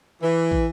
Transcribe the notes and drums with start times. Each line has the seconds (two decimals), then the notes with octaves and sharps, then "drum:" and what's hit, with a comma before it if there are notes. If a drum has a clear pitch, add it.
0.22 E3
0.52 drum: kick